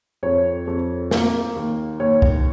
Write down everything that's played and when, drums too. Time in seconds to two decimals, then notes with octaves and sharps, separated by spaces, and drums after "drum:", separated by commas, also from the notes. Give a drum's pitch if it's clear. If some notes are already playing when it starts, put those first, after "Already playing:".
0.23 F2 C#5
0.67 F2
1.11 A#3, drum: snare
1.56 D#2
2.00 D#2 C#5
2.22 drum: kick